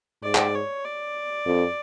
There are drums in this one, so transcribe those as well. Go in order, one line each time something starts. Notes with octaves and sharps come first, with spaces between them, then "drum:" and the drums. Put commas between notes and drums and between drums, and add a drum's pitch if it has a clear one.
G#2 D5
drum: clap
C#5
D5
F2